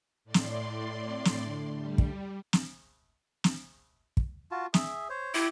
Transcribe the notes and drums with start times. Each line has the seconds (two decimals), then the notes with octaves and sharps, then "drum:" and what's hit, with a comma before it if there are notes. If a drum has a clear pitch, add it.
0.25 A2 D5 C6
0.34 drum: snare
1.07 C4
1.25 drum: snare
1.44 D3 A3 D4
1.74 G3
1.98 drum: kick
2.53 drum: snare
3.44 drum: snare
4.17 drum: kick
4.51 F4 F#4 A5
4.74 G#4 E5, drum: snare
5.10 C5 C#5
5.34 E4 G4 E5